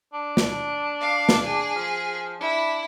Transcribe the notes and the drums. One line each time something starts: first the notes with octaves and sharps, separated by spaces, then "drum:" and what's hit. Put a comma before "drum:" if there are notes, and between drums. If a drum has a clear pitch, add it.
D4
drum: snare
F5
drum: snare
G#4
F3
D4 E4